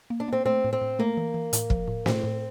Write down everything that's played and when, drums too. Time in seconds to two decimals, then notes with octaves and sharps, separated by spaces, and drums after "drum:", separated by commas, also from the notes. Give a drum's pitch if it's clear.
0.10 A#3
0.20 D4
0.28 A#3 C4
0.45 A3 C4
0.64 A2
0.73 C4
0.81 A2
0.99 A3 A#3
1.17 E3
1.34 E3
1.53 A2, drum: hi-hat
1.70 F3, drum: kick
1.88 A2
2.06 A2 C4, drum: snare
2.24 A2